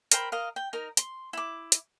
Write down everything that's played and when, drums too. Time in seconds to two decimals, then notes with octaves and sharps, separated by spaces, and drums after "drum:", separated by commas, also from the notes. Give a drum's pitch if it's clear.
0.12 A#4 C5 G5 B5, drum: hi-hat
0.32 A#4 D#5 F5
0.56 G5
0.73 D#4 A#4
0.97 C6, drum: hi-hat
1.33 E4 D6
1.72 drum: hi-hat